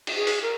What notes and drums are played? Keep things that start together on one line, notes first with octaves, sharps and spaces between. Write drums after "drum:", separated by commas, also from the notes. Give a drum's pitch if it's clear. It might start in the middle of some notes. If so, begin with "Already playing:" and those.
drum: cymbal
G#4
drum: open hi-hat
A#4